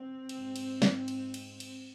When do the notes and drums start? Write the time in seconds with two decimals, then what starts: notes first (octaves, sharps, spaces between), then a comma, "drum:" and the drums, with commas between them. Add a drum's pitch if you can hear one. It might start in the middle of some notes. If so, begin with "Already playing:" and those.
Already playing: C4
0.29 G#2, drum: cymbal
0.56 drum: cymbal
0.82 drum: snare
1.08 drum: cymbal
1.34 drum: cymbal
1.60 drum: cymbal